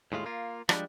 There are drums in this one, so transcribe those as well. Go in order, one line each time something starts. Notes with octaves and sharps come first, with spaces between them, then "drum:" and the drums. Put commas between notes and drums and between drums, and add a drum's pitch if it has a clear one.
D#2 A2 G#3 F4
A#3 F4
F3 G3 G#3 D4, drum: rim click